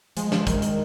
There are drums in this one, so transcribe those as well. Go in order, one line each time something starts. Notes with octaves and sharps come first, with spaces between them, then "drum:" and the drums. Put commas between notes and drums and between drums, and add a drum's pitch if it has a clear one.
F3 G#3, drum: hi-hat
F3 G#3, drum: snare
D#3 G#3, drum: kick, hi-hat
drum: hi-hat